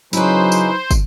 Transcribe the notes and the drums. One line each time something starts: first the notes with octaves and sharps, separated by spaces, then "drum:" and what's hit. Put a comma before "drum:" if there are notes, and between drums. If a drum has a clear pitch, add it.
C#3 F#3 C#4 D#4 E4 B4 C5, drum: tambourine
drum: tambourine
drum: kick, tambourine